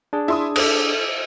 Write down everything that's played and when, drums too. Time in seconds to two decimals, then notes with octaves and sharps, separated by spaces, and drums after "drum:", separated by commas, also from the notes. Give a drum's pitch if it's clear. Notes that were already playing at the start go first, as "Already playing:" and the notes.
0.13 D4 G#4
0.28 E4 C6 D#6
0.56 A4 D6 D#6, drum: cymbal